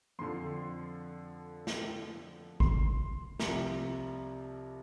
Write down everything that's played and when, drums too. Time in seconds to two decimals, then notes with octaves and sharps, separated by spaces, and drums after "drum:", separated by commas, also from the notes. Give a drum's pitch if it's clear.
0.19 F2 D3 F3 C6
1.67 drum: snare
2.60 C6, drum: kick G#1
3.40 C2 C3 F3 A#5, drum: snare